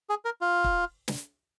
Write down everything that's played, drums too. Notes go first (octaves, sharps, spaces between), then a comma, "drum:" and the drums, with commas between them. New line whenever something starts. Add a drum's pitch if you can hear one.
G#4
A#4
F4
drum: kick
drum: snare